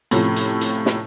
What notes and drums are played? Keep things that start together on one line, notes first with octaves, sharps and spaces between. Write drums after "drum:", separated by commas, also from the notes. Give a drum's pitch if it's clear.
A2 C3 F3 C#4, drum: hi-hat
drum: hi-hat
drum: hi-hat
drum: snare